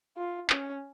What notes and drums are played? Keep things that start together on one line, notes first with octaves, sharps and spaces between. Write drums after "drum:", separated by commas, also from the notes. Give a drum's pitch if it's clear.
F4
C#4, drum: clap